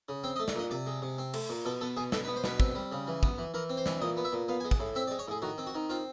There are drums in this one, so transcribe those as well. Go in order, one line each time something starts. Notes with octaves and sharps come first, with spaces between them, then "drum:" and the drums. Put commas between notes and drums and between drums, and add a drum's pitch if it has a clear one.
C#3
C4 G5
D#5
A3
D5, drum: snare
A#2 D#5
C3 D5
G#3
C3
C4
A3, drum: cymbal
A#2
B2 A4
B3 A4
B2 G#4
B2 A4, drum: snare
B4
B3
C5
B2 B4, drum: snare
C4, drum: kick
G3
C#3
E3
B3, drum: kick
E3
E3 A#4
C4
C5
E3, drum: snare
A#2 D#5
B3
E5
A#2
B3 F5
G#5
G#3
F#5, drum: kick
A2
C4 E5
D5
G#3
C#5
A2 G#4
D#3 F#4
C4
F#4
D#3
C4 F4